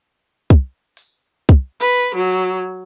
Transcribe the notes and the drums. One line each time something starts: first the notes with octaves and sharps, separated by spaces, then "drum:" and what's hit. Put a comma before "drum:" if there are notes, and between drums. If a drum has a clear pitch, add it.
drum: kick
drum: open hi-hat
drum: kick
B4
F#3
drum: hi-hat